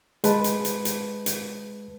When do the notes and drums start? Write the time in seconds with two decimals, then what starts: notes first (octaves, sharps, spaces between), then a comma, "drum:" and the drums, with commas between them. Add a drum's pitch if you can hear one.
0.24 G#3 B4 A5, drum: hi-hat
0.44 drum: hi-hat
0.65 drum: hi-hat
0.85 drum: hi-hat
1.26 drum: hi-hat